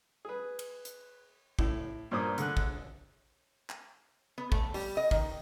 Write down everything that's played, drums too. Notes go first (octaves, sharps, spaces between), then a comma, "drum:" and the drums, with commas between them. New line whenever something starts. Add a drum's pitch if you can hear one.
G#4 B4
drum: cymbal
drum: hi-hat
A2, drum: kick
G2 A#2 A#3 C5 D6 D#6
D3 G#4 F#6, drum: hi-hat
drum: kick
drum: clap
B3
A3, drum: kick
G3, drum: open hi-hat
D#5
D#3, drum: kick